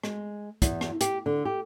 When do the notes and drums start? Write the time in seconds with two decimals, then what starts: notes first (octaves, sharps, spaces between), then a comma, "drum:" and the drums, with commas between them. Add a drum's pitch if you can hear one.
0.03 G#3, drum: rim click
0.62 E2, drum: kick, hi-hat
0.81 drum: rim click
1.01 G4, drum: hi-hat
1.26 D3
1.45 G4